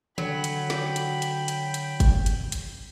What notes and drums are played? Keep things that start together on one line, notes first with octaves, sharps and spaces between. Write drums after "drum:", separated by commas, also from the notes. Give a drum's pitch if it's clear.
D3 F#3 G5 B5, drum: tom D#3
drum: hi-hat
drum: snare
drum: hi-hat
drum: hi-hat
drum: hi-hat
drum: hi-hat
drum: kick, hi-hat
drum: hi-hat
drum: hi-hat